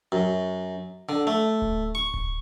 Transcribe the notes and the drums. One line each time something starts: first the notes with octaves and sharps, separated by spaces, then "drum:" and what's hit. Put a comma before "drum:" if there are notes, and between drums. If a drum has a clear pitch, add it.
F#2
D3
A3
drum: kick D1
C#6
drum: kick D1